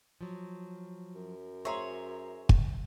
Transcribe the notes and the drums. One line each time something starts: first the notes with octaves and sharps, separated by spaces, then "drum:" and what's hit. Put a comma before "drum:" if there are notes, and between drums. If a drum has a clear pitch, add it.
F3 F#3
F#2
G#4 C5 C#5 E5 A#5 C6
drum: kick